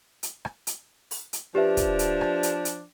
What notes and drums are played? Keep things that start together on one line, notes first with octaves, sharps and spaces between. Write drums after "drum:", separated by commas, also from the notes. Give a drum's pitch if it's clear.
drum: hi-hat
drum: rim click
drum: hi-hat
drum: open hi-hat
drum: hi-hat
F3 D4 G4 B4 E5
drum: kick, hi-hat
drum: hi-hat
drum: rim click
drum: hi-hat
drum: hi-hat